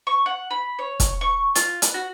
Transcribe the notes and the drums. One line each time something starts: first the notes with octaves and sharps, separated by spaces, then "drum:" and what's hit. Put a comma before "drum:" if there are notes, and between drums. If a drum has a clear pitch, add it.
C#6
F#5
B5
C#5
drum: kick, hi-hat
C#6
F4, drum: hi-hat
B4, drum: hi-hat
F#4